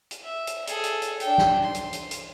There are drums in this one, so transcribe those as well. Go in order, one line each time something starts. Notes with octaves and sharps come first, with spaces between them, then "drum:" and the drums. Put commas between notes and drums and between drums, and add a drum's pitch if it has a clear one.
drum: hi-hat
E5
drum: hi-hat
G#4 A4, drum: hi-hat
drum: hi-hat
drum: hi-hat
D4 G5, drum: hi-hat
drum: snare
C6
drum: hi-hat
drum: hi-hat
drum: hi-hat